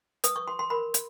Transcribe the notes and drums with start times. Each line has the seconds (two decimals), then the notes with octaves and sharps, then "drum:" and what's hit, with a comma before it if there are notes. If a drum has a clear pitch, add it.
0.24 B4 D#6, drum: hi-hat
0.36 C#6
0.47 F#4 C6
0.59 C6
0.70 A#4 B5
0.94 drum: hi-hat